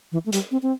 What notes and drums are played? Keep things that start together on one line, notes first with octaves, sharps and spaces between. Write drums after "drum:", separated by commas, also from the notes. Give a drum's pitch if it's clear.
E3
A3
G3, drum: hi-hat
C4
C4